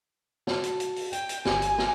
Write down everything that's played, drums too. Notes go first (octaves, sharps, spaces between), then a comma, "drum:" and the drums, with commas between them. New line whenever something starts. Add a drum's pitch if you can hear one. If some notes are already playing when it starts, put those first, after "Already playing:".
F#4 A5, drum: snare
drum: hi-hat
drum: hi-hat
drum: open hi-hat
G5, drum: hi-hat
drum: hi-hat
G1 G4 G#5, drum: snare
drum: hi-hat
drum: snare